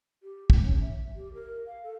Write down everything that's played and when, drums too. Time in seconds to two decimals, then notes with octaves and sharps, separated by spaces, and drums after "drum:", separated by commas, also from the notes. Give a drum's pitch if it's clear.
0.23 G4
0.50 D#4, drum: kick
0.62 C#4
0.81 E5
1.16 G4
1.34 A#4
1.67 F5
1.84 A4